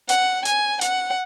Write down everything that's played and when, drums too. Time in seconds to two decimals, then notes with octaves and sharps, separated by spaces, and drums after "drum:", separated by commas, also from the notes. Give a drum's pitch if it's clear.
0.09 F#5, drum: hi-hat
0.45 G#5, drum: hi-hat
0.81 F#5, drum: hi-hat